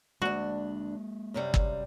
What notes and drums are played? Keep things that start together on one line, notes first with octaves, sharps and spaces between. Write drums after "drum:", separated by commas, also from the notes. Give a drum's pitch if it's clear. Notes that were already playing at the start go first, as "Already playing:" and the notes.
D2 G#3 A#3 D4 F#4
F#2 C3 G3
drum: kick G1